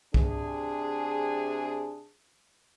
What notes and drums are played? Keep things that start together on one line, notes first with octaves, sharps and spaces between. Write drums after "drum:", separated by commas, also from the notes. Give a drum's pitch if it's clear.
C3 D4 G#4, drum: kick